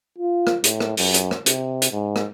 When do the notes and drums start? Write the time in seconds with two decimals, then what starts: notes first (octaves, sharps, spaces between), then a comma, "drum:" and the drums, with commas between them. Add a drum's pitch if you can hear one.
0.19 F4
0.47 drum: rim click
0.64 A2, drum: hi-hat
0.80 drum: rim click
0.97 F#2, drum: open hi-hat
1.14 drum: hi-hat
1.31 drum: rim click
1.46 C3, drum: hi-hat
1.82 drum: hi-hat
1.92 G#2
2.16 drum: rim click